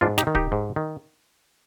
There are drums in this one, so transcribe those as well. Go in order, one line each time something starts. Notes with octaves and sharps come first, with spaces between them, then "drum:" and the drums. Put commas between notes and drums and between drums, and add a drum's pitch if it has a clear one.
G#2 D4 F4
D#4 G4, drum: snare
D#3
D#4 G4, drum: kick
G#2
D#3